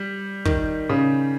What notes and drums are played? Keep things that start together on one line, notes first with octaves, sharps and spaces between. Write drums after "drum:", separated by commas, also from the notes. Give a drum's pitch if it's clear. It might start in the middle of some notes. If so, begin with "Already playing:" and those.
Already playing: G3
D#3, drum: kick
C#3